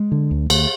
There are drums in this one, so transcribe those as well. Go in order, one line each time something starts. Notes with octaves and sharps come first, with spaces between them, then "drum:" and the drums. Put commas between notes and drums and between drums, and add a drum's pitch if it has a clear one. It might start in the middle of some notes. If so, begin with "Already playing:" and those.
Already playing: G#3
D3
D2
D2, drum: cymbal